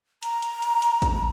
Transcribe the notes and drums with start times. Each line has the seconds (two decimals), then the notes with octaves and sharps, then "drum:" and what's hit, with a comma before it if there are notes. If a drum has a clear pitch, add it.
0.23 A#5, drum: hi-hat
0.42 drum: hi-hat
0.62 drum: hi-hat
0.82 drum: hi-hat
1.02 drum: kick, hi-hat